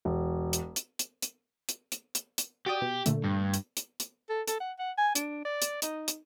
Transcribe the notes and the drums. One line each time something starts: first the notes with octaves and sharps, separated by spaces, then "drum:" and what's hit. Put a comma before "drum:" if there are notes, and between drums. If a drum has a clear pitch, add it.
E1
drum: hi-hat
drum: hi-hat
drum: hi-hat
drum: hi-hat
drum: hi-hat
drum: hi-hat
drum: hi-hat
drum: hi-hat
F#4 G4 D5 D#6
B2
A#2 D3 A3, drum: hi-hat
G2
drum: hi-hat
drum: hi-hat
drum: hi-hat
A4
A4, drum: hi-hat
F#5
F#5
G#5
D4, drum: hi-hat
D5
drum: hi-hat
D#4, drum: hi-hat
drum: hi-hat